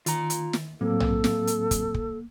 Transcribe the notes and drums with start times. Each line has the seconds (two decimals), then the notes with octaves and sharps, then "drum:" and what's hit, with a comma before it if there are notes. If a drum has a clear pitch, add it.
0.06 D#3 F4 A#5, drum: hi-hat
0.30 drum: hi-hat
0.53 drum: snare
0.81 A2 F#3 A#3 C4 A4
1.00 drum: tom B1
1.24 drum: snare
1.47 drum: hi-hat
1.71 drum: kick, hi-hat
1.94 drum: kick